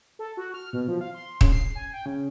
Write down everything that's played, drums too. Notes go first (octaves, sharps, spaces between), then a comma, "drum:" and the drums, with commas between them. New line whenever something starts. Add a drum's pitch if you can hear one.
A4
F#4
F6
B2
F3
F5
C6
C#3, drum: kick
C7
G#5
G5
C#3